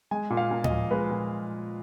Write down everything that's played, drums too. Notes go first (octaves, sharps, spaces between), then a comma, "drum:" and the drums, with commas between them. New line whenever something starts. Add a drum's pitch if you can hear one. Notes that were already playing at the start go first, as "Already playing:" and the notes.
G#3 G#5
A#2
F5
A#2
D#5, drum: tom A2
F3
G#3 B4
A#2